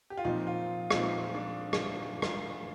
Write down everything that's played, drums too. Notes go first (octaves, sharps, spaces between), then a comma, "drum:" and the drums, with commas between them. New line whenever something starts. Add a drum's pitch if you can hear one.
G4
F4
A#2 F3 C4 D#4
F4
A#2 F3 C4 D#4, drum: rim click
D4
drum: rim click
drum: rim click